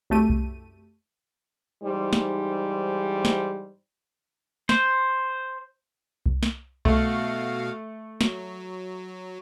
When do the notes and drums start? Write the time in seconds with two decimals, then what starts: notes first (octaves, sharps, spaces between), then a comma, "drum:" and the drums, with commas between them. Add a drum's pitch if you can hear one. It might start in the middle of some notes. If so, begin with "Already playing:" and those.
0.10 C2 F#2 A3 G4 D#7
0.29 drum: kick C2
1.84 G#2 E3 G3 D#4 C5
2.13 drum: snare
3.25 drum: snare
4.69 C5, drum: snare
6.26 drum: kick C2
6.43 drum: snare
6.85 B2 A3 F#4 F5, drum: kick C2
8.21 F#3, drum: snare